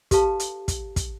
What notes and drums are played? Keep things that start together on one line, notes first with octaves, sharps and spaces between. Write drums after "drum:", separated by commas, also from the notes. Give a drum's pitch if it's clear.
G4 A4 B4 F5 A5, drum: kick, hi-hat
drum: hi-hat
drum: kick, hi-hat
drum: kick, hi-hat